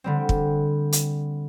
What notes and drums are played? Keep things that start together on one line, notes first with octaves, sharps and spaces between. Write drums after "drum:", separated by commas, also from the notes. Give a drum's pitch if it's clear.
D3 G3 C4
drum: kick
drum: hi-hat